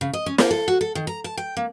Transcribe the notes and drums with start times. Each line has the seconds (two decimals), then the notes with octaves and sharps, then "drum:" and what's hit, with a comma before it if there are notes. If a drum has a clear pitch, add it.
0.01 C#3
0.13 D#5
0.26 C#4
0.38 A#3, drum: snare
0.51 A4
0.68 F#4
0.81 A4
0.95 D#3
1.07 A#5
1.24 A5
1.37 G5
1.57 A#3